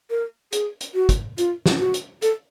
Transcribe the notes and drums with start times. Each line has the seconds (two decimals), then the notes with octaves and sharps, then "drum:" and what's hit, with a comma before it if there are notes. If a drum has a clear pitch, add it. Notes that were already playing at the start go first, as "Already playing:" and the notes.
0.10 A#4
0.52 G#4, drum: hi-hat
0.81 drum: hi-hat
0.95 F#4
1.09 drum: kick, hi-hat
1.38 F4, drum: hi-hat
1.66 drum: snare
1.79 F#4
1.94 drum: hi-hat
2.22 A4, drum: hi-hat